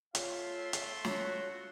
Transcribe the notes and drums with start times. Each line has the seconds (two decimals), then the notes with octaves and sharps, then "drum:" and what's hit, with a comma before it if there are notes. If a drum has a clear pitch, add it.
0.15 A3 F4 C#5 E5 F5 C6, drum: hi-hat
0.73 drum: hi-hat
1.05 F4 F#4 C#5, drum: snare